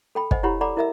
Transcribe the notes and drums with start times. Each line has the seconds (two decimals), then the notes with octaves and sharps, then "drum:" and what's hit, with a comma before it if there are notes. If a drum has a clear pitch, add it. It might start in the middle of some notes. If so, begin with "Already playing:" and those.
0.15 A4 G5 B5
0.31 C5 D#5 F#5 G#5, drum: kick
0.43 E4 G4 C#5 F#5 A#5 B5
0.61 A4 D5 F#5 A#5 B5 D6
0.77 E4 A#4 D#5 E5 A#5 E6